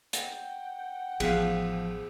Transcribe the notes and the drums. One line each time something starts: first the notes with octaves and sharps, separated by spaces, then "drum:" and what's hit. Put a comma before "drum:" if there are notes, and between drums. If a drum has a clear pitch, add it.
F#5 G5, drum: hi-hat
A1 F3 B3 G#4 F5, drum: cymbal